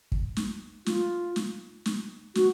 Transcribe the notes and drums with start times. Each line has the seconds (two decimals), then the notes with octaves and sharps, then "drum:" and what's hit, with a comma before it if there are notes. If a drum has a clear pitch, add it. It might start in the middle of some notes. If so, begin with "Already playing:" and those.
0.12 drum: kick
0.37 drum: snare
0.86 F4, drum: snare
1.36 drum: snare
1.86 drum: snare
2.35 F#4, drum: snare